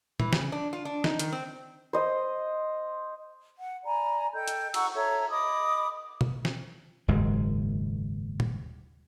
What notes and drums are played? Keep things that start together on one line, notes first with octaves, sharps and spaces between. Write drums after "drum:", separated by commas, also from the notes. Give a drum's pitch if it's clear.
E3, drum: tom A#2
C#3, drum: snare
D4
F4
D4
D#4, drum: snare
D#3, drum: hi-hat
C4
C5 D#5
F#5
D5 G#5 A#5 B5
A4 D#5 G5 G6
drum: hi-hat
F#5 A#5 C#6 E6, drum: cymbal
A4 C#5 E5 A#5
D#5 B5 D6 D#6
drum: tom B2
drum: snare
F#1 D#2 G#2 G#3
drum: tom A#2